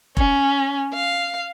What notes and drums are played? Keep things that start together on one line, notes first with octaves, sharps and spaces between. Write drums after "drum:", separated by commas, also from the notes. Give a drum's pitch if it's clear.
C#4, drum: kick F1
F5